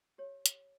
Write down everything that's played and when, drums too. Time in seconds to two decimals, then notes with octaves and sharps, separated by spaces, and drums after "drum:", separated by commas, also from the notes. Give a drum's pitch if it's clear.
0.18 G4 C#5
0.46 drum: hi-hat